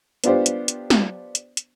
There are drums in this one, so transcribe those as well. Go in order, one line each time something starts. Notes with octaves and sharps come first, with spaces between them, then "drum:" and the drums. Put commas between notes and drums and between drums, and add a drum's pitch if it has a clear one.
B3 D4 F4 G4 C5, drum: hi-hat
drum: hi-hat
drum: hi-hat
drum: snare
drum: hi-hat
drum: hi-hat